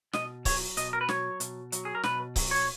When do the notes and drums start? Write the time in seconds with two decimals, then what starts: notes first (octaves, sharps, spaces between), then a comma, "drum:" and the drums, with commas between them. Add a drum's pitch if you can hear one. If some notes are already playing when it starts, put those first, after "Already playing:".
0.13 B2 D#5, drum: snare
0.45 F#3 C#5, drum: kick C#1, open hi-hat
0.77 B2 D#5, drum: hi-hat
0.93 A#4
1.01 B4
1.09 F#3 C#5, drum: snare
1.40 B2, drum: hi-hat
1.72 F#3, drum: hi-hat
1.85 G#4
1.95 A#4
2.03 B2 B4, drum: snare
2.36 F#3, drum: kick C#1, open hi-hat
2.51 C#5